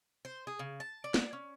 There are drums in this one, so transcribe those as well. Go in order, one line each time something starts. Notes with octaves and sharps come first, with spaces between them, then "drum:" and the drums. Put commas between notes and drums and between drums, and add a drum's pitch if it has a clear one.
C5
G#4
C#3
A5
D5
drum: snare
C#4